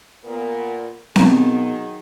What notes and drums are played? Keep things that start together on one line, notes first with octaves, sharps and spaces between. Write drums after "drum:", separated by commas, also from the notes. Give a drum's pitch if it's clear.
A#2 B3 A#4
B2 D#3 F#3 G#4, drum: snare C4